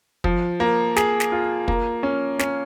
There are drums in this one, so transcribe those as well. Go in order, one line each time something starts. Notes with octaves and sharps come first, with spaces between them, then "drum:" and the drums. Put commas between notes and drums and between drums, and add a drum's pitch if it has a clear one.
F3, drum: kick
A#3
G#4, drum: snare
drum: snare
F4
A#3, drum: kick
C#4
C#4, drum: snare